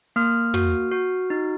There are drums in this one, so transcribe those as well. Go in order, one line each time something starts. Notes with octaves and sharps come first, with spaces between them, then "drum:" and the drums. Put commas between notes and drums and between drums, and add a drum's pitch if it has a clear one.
A#3 F6
F#4, drum: tom
F#4
D#4